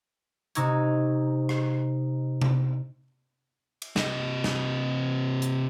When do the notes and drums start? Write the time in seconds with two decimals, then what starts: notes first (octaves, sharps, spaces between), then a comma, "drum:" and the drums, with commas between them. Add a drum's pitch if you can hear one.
0.55 C3 D#4 C#6 E6 G#6, drum: hi-hat
1.49 drum: rim click
2.41 drum: tom C3
3.82 drum: cymbal
3.96 C3 D#5, drum: snare
4.44 drum: snare
5.42 drum: hi-hat